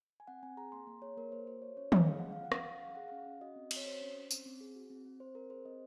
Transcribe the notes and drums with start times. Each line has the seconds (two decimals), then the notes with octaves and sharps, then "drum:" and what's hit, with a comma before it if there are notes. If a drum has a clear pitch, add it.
0.20 G#5
0.27 C4 F#5
0.43 C4 G#5
0.57 G#4 A#5
0.72 A#3 C6
0.87 A#3 A#5
1.02 G#4 C#5
1.17 A#3 A#4
1.32 A#3 C5
1.47 F#4 C5
1.62 F#4 C#5
1.77 C#4 C#5
1.92 C#4 D#5, drum: tom
2.07 G#4 F5
2.19 A#3 F#5
2.33 F4 F5
2.45 F#5
2.52 C#4, drum: rim click
2.57 F5
2.67 C#4 F#5
2.81 G#4 F5
2.95 G#4 F#5
3.08 C#4 F5
3.26 C#4
3.41 F#4 D#5
3.56 C4
3.71 C4, drum: cymbal
3.76 C#5
3.86 F#4 C5
4.01 C#4
4.15 C#4
4.31 C4, drum: tambourine
4.46 C4
4.61 G#4
4.75 F#4
4.90 C4
5.05 C4
5.20 C4 C5
5.35 C4 A#4
5.50 G#4 C5
5.65 C4 D#5